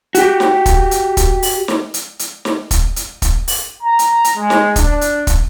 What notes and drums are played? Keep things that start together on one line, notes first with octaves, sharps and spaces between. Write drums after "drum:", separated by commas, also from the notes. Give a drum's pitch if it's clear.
F#4 G4, drum: hi-hat
drum: snare
drum: kick, hi-hat
drum: hi-hat
drum: kick, hi-hat
drum: open hi-hat
drum: snare
drum: hi-hat
drum: hi-hat
drum: snare
drum: kick, hi-hat
drum: hi-hat
drum: kick, hi-hat
drum: open hi-hat
A#5
drum: hi-hat
drum: hi-hat
G#3
drum: snare
D4, drum: kick, hi-hat
drum: hi-hat
drum: kick, hi-hat